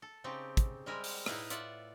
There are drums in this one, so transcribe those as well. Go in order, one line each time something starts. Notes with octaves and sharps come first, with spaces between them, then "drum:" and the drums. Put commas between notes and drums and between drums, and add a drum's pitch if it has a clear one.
A4
C#3 C4 D#4 G4 A5
drum: kick, hi-hat
G3 G#3 C4 A#4 E5 G#5
drum: open hi-hat
A2 D#4 E4 B4 E5 F5, drum: rim click
F4 D5 E5 F#5, drum: hi-hat